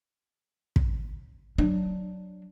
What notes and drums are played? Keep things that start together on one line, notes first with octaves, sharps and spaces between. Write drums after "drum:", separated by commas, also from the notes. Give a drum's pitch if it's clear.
drum: kick
F#3 D4